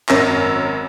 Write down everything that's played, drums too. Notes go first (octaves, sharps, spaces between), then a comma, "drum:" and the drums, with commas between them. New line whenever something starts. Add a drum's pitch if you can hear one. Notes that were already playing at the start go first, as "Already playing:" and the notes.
G#1 F#2 C#4 A#4 E6 A#6, drum: clap